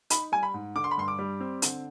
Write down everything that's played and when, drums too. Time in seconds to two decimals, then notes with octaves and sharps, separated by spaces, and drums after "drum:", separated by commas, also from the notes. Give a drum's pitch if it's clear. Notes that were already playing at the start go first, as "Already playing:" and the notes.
0.10 D#4 B5, drum: hi-hat
0.32 G3 G#5
0.43 B5
0.54 G#2
0.75 D3 D6
0.84 C6
0.91 B5
0.97 G2 C6
1.08 D6
1.19 G3
1.40 C4
1.62 D3, drum: hi-hat